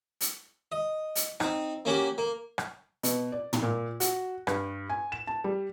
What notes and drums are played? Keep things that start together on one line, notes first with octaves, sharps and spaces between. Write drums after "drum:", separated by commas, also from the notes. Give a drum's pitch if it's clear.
drum: hi-hat
D#5
drum: hi-hat
C4 D#4, drum: rim click
A#3 C#4 F#4 G4
A#3
drum: rim click
B2, drum: hi-hat
D5
drum: tom
A#2
F#4, drum: hi-hat
G2, drum: rim click
G#5
E7
A5
G3